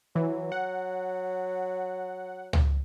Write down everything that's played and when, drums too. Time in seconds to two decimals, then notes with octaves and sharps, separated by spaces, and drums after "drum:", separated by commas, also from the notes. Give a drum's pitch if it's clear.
0.16 E3 F#3
0.52 F#5
2.53 drum: tom C#2